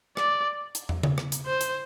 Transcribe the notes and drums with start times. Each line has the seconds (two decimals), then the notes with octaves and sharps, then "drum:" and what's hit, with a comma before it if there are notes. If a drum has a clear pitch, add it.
0.17 D5, drum: rim click
0.75 drum: hi-hat
0.89 drum: tom
1.03 drum: tom C#3
1.18 drum: rim click
1.32 drum: hi-hat
1.46 C5
1.61 drum: hi-hat